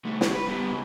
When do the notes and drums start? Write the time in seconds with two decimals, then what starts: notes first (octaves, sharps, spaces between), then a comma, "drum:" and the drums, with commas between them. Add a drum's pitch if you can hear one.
0.05 C2 A3
0.21 C#3 G4, drum: snare
0.35 B4
0.47 G3 B3
0.71 C#2